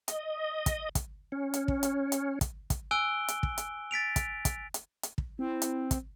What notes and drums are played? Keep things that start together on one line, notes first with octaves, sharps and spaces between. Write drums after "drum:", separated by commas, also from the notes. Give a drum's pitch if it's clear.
D#5, drum: hi-hat
drum: kick, hi-hat
drum: kick, hi-hat
C#4
drum: hi-hat
drum: kick
drum: hi-hat
drum: hi-hat
drum: kick, hi-hat
drum: kick, hi-hat
G#5 E6 F#6 D7 G7
drum: hi-hat
drum: kick
drum: hi-hat
A6 B6 D7 F7
drum: kick, hi-hat
drum: kick, hi-hat
drum: hi-hat
drum: hi-hat
drum: kick
C4 E4
drum: hi-hat
drum: kick, hi-hat